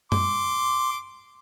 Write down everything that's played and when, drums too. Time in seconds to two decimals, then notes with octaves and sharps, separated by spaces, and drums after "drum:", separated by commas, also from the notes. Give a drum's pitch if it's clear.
0.12 C6 D6, drum: tom F#2